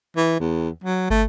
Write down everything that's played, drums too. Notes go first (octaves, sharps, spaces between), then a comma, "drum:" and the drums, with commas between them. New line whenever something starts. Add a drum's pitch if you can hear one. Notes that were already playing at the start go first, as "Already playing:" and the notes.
E3
E2
F#3
A3, drum: kick